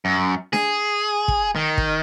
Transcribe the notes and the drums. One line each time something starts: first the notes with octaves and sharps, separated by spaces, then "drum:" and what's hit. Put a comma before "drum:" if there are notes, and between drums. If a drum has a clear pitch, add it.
F#2
G#4, drum: snare D4
drum: kick
D#3
drum: kick